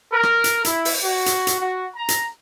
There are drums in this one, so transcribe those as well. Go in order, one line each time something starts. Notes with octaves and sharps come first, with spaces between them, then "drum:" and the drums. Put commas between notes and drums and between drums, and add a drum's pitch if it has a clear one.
A#4
drum: rim click
drum: hi-hat
E4, drum: hi-hat
drum: open hi-hat
F#4
drum: hi-hat
drum: hi-hat
F#4
A#5
drum: hi-hat